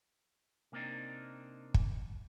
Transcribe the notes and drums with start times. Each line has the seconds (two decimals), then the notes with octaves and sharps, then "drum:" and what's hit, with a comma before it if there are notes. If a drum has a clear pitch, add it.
0.72 C3 A#3 C4 D4 D#4
1.74 drum: kick